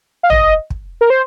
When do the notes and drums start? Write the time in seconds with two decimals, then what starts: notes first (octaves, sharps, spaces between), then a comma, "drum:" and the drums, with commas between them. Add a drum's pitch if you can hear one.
0.23 F5
0.30 D#5, drum: tom
0.70 drum: kick
1.01 A#4
1.10 C5